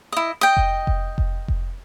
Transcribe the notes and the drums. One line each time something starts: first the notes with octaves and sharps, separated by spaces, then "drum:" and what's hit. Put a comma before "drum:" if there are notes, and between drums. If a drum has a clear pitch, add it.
E4 D#5
D#5 G5
drum: kick F1
drum: kick F1
drum: kick F1
drum: kick F1